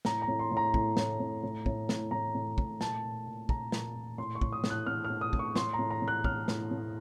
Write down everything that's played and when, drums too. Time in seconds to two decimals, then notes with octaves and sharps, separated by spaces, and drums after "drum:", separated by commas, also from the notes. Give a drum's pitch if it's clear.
0.05 A2 A#5, drum: snare
0.22 A#5
0.28 A2
0.39 C6
0.51 A2
0.57 A#5
0.74 A2, drum: kick
0.97 A2, drum: snare
1.20 A2
1.43 A2
1.66 A2, drum: kick
1.89 A2, drum: snare
2.11 A2 A#5
2.35 A2
2.58 A2, drum: kick
2.81 A#2 A5, drum: snare
3.03 A#2
3.26 A#2
3.49 A#2 A#5, drum: kick
3.72 A#2, drum: snare
3.95 A#2
4.18 A2 C6
4.35 C#6
4.41 A2, drum: kick
4.52 D#6
4.64 A2, drum: snare
4.70 F#6
4.87 A2 F6
5.04 F6
5.10 A2
5.21 D#6
5.33 A2, drum: kick
5.39 C#6
5.56 A2 C6, drum: snare
5.73 A#5
5.79 A2
5.90 A#5
6.02 A2
6.08 F#6
6.24 A2 F6, drum: kick
6.48 A2, drum: snare
6.71 A2